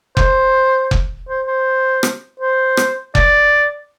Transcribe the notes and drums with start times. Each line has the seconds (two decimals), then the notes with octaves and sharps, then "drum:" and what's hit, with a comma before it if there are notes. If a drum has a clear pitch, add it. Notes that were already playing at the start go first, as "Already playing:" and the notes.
0.17 C5, drum: kick F1
0.91 drum: kick F1
1.28 C5
1.47 C5
2.03 drum: rim click
2.40 C5
2.77 drum: rim click
3.15 D5, drum: kick F1